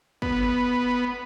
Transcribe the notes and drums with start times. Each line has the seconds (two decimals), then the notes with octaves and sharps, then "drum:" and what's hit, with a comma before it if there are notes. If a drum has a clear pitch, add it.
0.22 B3, drum: kick